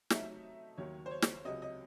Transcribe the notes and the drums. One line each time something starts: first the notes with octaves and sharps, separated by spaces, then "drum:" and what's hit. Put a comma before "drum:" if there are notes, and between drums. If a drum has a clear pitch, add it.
C3 F#3 A3 C4 D#4 E5, drum: snare
D#2 D#3 F#3 C#5
C5
C#5
drum: snare
C#2 C3 F#3 C4 D#5
D#5